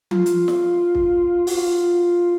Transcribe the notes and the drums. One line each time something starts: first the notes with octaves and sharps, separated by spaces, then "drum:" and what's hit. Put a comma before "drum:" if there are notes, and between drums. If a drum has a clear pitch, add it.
F4, drum: tom F3
drum: hi-hat
drum: snare
drum: kick
F#4, drum: open hi-hat
F4